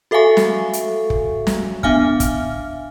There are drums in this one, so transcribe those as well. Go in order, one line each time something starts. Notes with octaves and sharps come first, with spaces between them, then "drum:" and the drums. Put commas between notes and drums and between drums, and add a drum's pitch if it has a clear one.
F#4 A4 E5 F5 G#5 C#6
drum: snare
drum: hi-hat
drum: kick
drum: snare
B3 D4 E5 F5 G#5 F6, drum: kick
drum: kick, hi-hat